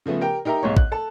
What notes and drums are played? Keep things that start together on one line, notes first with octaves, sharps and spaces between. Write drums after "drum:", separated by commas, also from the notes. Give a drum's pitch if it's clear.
C#3 F3 A3 B3
G4 A#4 G5
D#4 G4 A#4 E5 A#5
B1 G#2 C#5
F#6, drum: kick
A4 A5